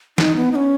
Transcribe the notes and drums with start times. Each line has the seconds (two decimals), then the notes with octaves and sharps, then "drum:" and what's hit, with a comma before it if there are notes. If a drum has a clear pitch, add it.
0.18 D#4, drum: snare
0.36 B3
0.52 D#4
0.55 C#4